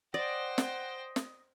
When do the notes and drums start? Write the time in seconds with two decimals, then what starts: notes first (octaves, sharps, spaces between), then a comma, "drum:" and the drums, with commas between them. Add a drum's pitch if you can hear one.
0.14 C5 D5 D#5 F#5 G5
0.58 drum: snare
1.16 drum: snare